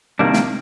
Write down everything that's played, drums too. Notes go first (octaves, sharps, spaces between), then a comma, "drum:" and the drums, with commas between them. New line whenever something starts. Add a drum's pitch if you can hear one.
C3 D#3 G3 A#3 D4
drum: snare